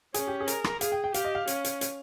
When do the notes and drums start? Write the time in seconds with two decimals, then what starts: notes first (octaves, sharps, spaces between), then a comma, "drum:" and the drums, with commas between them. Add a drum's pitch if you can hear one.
0.14 C#4 G#4, drum: hi-hat
0.27 G4
0.40 G#4
0.48 A#4, drum: hi-hat
0.64 drum: rim click
0.81 G#4 F5, drum: hi-hat
0.92 G5
1.04 G5
1.14 G4 F5, drum: hi-hat
1.25 D#5
1.35 F5
1.47 C#4, drum: hi-hat
1.64 drum: hi-hat
1.81 drum: hi-hat